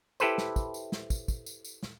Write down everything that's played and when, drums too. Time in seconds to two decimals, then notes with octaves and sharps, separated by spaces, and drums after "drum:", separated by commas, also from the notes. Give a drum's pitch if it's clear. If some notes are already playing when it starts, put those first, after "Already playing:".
0.20 E4 G4 A4 B4 C5, drum: tambourine
0.38 drum: snare
0.56 drum: kick, tambourine
0.74 drum: tambourine
0.92 drum: snare
1.10 drum: kick, tambourine
1.28 drum: kick, tambourine
1.46 drum: tambourine
1.65 drum: tambourine
1.83 drum: snare